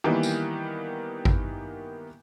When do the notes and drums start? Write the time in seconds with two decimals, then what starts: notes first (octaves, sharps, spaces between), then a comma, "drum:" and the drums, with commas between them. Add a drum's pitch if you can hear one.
0.04 D#3 E3 G3 A#3 B3
0.23 drum: tambourine
1.25 drum: kick G#1